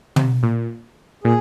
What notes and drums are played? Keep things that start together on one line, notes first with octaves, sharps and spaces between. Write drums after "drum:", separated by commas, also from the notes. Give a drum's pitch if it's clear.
C3, drum: tom
A#2
A#2 G#4